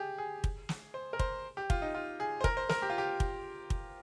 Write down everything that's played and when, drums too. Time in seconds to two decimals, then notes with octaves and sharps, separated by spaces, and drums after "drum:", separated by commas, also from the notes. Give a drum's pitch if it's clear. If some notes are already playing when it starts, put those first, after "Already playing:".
Already playing: G4 G#4
0.18 G#4
0.44 drum: kick
0.69 drum: snare
0.94 C5
1.13 A#4
1.19 C5, drum: kick
1.57 G4
1.70 F4, drum: kick
1.82 D#4
1.95 F4
2.20 G#4
2.41 C5
2.44 A#4, drum: kick
2.57 C5
2.69 A#4, drum: snare
2.82 G4
2.90 F4
2.98 G4
3.20 drum: kick
3.70 drum: kick